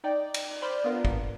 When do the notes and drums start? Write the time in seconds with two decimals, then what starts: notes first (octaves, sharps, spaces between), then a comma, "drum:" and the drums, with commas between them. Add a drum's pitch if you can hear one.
0.04 D#4 D5 G5
0.34 drum: cymbal
0.62 C5 D5 B5 F6 G6 A6
0.84 B3 D4 F4 A#4
1.05 drum: kick